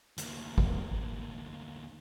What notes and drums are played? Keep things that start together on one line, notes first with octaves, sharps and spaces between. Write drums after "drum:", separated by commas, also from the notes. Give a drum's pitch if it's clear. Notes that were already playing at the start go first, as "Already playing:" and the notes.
D2 A#3, drum: hi-hat
drum: kick G1